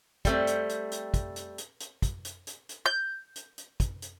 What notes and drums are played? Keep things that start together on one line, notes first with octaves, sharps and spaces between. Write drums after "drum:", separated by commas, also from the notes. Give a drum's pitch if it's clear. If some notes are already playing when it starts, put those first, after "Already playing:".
G3 A3 C4, drum: kick, hi-hat
drum: hi-hat
drum: hi-hat
drum: hi-hat
drum: kick, hi-hat
drum: hi-hat
drum: hi-hat
drum: hi-hat
drum: kick, hi-hat
drum: hi-hat
drum: hi-hat
drum: hi-hat
G6
drum: hi-hat
drum: hi-hat
drum: kick, hi-hat
drum: hi-hat